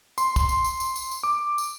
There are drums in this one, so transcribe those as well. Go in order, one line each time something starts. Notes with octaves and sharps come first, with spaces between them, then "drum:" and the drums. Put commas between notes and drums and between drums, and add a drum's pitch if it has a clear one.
C6, drum: tambourine
C6, drum: kick, tambourine
drum: tambourine
drum: tambourine
drum: tambourine
drum: tambourine
drum: tambourine
D6
drum: tambourine